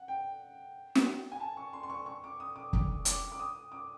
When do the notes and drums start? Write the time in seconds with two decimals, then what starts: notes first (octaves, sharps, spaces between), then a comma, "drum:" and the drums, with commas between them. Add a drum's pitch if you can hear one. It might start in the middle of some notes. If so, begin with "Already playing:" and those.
Already playing: F#5
0.08 G5
0.95 drum: snare
1.32 G#5
1.40 A5
1.57 C#6
1.73 C6
1.83 C6
1.90 C#6
2.06 C#6
2.24 D6
2.40 D#6
2.56 D6
2.73 D6, drum: kick
3.05 D6, drum: hi-hat
3.32 D6
3.39 D#6
3.72 D6